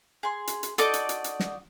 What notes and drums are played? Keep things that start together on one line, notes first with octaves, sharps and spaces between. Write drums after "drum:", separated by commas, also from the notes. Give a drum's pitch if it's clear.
G#4 C6
drum: hi-hat
drum: hi-hat
D#4 F#4 A4 D5 D#5 D6, drum: hi-hat
drum: hi-hat
drum: hi-hat
drum: hi-hat
drum: snare